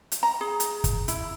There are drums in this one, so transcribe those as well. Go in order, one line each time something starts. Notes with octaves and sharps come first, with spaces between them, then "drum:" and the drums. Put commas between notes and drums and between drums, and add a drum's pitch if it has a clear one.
drum: hi-hat
A#5
G#4
drum: hi-hat
drum: kick, hi-hat
E4, drum: hi-hat